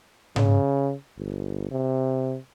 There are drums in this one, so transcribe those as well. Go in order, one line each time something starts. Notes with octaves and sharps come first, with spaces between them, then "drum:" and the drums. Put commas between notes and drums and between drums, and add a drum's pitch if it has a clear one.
C#3, drum: tom G#2
G1
C3